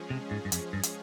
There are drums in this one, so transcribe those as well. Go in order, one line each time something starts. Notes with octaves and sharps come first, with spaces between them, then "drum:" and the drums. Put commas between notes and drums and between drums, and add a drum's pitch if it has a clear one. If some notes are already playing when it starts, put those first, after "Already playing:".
Already playing: F3 G#3 C#4 G#4
C3
G#2
G2
F2, drum: hi-hat
G2
drum: hi-hat